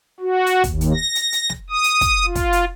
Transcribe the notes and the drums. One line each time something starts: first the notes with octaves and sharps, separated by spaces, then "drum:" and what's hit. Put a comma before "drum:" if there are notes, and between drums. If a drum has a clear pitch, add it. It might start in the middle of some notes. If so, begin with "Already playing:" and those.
F#4
drum: hi-hat
D#2, drum: kick, hi-hat
drum: hi-hat
A#6
drum: hi-hat
drum: hi-hat
drum: snare
D#6
drum: hi-hat
drum: kick, hi-hat
F4
drum: kick, hi-hat
drum: hi-hat